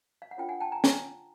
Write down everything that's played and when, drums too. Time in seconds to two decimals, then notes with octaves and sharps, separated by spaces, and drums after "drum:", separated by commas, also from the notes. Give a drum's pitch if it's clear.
0.22 F5
0.31 F#5
0.37 D4 F4 A#4 C#5 G5
0.49 F#5 G#5
0.60 G5 A5
0.72 G#5 A#5
0.84 G#5 A#5, drum: snare